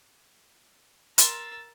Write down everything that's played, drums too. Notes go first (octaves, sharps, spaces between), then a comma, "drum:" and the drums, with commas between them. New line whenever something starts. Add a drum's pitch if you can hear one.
A#4 C6 E6 A6, drum: hi-hat